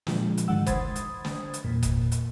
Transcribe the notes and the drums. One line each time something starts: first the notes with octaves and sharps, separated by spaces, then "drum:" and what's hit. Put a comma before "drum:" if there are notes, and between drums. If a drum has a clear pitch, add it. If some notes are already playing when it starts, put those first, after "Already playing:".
A#2 F3 G#3, drum: snare
drum: hi-hat
G#2 D3 D#3 G#3 F#5 E6
C5 B5 D#6 G#6 A6, drum: kick F#1, hi-hat
drum: hi-hat
drum: snare
drum: hi-hat
E2 A#2
drum: kick F#1, hi-hat
drum: hi-hat